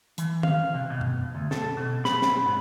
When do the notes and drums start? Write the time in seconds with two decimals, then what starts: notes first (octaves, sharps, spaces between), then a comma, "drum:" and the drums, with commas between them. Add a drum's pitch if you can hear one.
0.18 E3, drum: hi-hat
0.43 F5, drum: tom D#3
0.74 C3
0.90 B2
1.01 drum: tom F#2
1.35 D2
1.51 A4, drum: snare
1.77 B2
2.05 B5, drum: snare
2.22 drum: snare
2.46 G#2